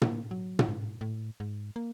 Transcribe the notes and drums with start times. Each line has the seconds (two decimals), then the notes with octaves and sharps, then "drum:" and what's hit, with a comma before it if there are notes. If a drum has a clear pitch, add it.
0.02 A#3, drum: tom
0.31 F#3
0.59 drum: tom
0.68 G#2
1.01 A2
1.40 G#2
1.76 A#3